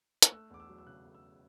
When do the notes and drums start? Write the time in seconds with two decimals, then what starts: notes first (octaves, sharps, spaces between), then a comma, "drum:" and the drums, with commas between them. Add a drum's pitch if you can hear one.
0.22 F#6, drum: hi-hat
0.31 A3 E6
0.50 E2 D6
0.60 E6
0.69 F#3
0.78 E6
0.86 C#3 F#6
1.05 A3
1.15 E6